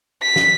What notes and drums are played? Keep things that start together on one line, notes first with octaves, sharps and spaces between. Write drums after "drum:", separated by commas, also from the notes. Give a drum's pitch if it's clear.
B6
drum: snare